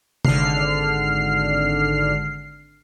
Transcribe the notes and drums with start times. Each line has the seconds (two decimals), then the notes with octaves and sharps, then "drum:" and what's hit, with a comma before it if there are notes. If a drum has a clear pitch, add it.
0.25 G#1 D3 F6 C7, drum: tom C3